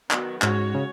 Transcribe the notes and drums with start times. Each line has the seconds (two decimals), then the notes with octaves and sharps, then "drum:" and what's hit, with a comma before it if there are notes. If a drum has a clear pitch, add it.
0.11 D#3 F#3 B3 F#4, drum: clap
0.42 G#2 G#3 C#4 F#4 C#5, drum: clap
0.74 C#3